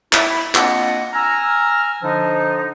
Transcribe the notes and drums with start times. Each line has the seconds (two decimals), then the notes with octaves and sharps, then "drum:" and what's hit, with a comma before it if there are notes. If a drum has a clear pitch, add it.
0.13 E4, drum: clap
0.55 A#3 C4 D4 F4 D#5 F#5, drum: clap
1.14 G#5 A#5 E6 F6
2.03 D3 F3 D4 D#4